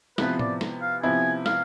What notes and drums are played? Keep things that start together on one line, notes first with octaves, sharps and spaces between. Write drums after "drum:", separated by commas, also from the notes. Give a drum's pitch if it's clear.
C3 F3 B3 E4 B4, drum: snare
D5, drum: tom A2
drum: snare
F5
C3 F3 B3 E4 G#5
F5, drum: snare